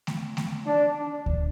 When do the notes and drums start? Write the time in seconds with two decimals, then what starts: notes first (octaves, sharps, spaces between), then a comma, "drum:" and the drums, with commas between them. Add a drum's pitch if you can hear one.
0.07 drum: snare A3
0.37 drum: snare A3
0.66 D4
1.26 drum: kick D2